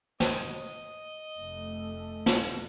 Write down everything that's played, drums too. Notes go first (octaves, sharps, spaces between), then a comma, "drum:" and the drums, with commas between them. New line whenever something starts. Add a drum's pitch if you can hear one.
D#5, drum: snare
F1 A3
drum: snare